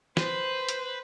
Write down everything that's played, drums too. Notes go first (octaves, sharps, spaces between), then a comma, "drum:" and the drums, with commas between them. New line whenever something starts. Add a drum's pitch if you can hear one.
B4 C5, drum: snare
drum: hi-hat